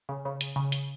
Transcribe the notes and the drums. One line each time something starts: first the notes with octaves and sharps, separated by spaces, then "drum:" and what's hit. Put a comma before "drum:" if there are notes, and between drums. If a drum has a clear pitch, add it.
C#3
C#3
drum: hi-hat
C#3
drum: hi-hat